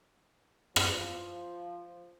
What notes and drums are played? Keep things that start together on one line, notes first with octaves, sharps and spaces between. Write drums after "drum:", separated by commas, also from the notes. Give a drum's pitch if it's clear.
F3, drum: rim click